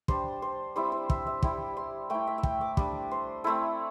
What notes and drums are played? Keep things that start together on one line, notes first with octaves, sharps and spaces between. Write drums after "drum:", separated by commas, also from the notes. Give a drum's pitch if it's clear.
G3 D4 C5, drum: kick
C5
G3 C4 E4 C5
C5
E5, drum: kick
E5
G3 E4 G5, drum: kick
C6
A3 E4 G5
E5
E5
G5, drum: kick
D6
G3 D4, drum: kick
C5
A3 C4 E4 A4